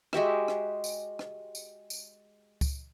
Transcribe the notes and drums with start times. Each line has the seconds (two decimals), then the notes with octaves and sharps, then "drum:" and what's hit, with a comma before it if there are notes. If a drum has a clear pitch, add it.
0.13 G#3 F#4 G4 E5, drum: rim click
0.48 drum: rim click
0.84 drum: tambourine
1.19 drum: rim click
1.55 drum: tambourine
1.90 drum: tambourine
2.61 drum: kick C#2, tambourine